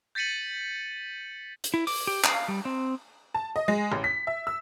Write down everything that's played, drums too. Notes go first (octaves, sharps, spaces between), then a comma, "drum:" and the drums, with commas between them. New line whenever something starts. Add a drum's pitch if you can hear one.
G6 A6 B6 C#7 D#7 F#7
drum: hi-hat
E4
D6, drum: open hi-hat
G4
F5, drum: clap
G3
C4
A5
D#5
G#3
A1
B6
E5
E6